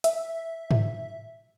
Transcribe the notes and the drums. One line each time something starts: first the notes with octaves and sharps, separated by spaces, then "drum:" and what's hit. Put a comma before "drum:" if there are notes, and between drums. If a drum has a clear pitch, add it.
E5, drum: hi-hat
drum: tom G#2